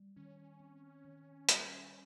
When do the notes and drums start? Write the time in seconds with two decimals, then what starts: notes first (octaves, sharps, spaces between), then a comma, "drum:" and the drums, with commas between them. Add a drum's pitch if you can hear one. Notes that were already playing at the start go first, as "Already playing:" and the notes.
Already playing: G3
0.16 D#3 C#4
0.60 C4
1.05 D#3
1.49 G3, drum: hi-hat